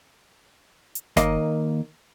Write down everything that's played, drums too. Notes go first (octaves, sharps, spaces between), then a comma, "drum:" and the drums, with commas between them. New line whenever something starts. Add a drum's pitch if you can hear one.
drum: hi-hat
D#2 A#3 D#5, drum: snare G1